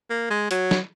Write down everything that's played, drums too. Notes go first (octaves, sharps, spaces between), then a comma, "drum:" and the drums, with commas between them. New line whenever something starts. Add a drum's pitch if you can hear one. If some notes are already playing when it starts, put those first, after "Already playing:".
A#3
G#3
F#3, drum: hi-hat
drum: snare